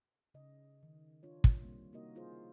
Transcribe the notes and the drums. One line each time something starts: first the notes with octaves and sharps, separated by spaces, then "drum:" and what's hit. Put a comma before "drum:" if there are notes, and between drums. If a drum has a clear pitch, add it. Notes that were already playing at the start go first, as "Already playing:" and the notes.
C#3 D#5
D#3
D4 F4 C#5
drum: kick
G3 A#3 C4
C3 A#3 D#4 F#4 A#4 D#5
C#4 E4 F4 G#4 C5